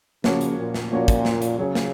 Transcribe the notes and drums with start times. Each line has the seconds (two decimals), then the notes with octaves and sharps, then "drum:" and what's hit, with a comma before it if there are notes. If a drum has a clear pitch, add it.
0.24 C#3 F3 A#3 C#4 F#4 C#5, drum: snare
0.41 drum: hi-hat
0.58 A#2
0.74 drum: snare
0.91 A#2 F3 A#3 C#4 F#4 C#5
1.08 drum: kick, hi-hat
1.25 drum: snare
1.42 drum: hi-hat
1.58 C#3 F#3 C#4 G#4 C#5
1.75 drum: snare